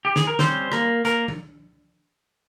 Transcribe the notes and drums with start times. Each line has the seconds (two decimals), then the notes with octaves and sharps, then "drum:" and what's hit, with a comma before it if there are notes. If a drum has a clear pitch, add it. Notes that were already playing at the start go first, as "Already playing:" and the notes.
0.05 G4
0.16 G#4, drum: snare
0.27 A#4
0.39 G3 C4 C#4 C5, drum: snare
0.72 A#3 A#4, drum: rim click
1.05 A#3 A#4, drum: hi-hat
1.28 drum: tom F3